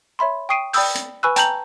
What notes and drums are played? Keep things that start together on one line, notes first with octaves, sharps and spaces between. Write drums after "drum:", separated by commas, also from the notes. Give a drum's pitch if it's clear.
C#5 E5 B5 C6
G5 C#6 D#6 C7 D7 D#7
D5 G5 B5 D#6 E6 G6, drum: open hi-hat
drum: hi-hat
B4 G#5 B5 C#6 E6 F#6
G5 A5 A#5 G6 F7 F#7, drum: hi-hat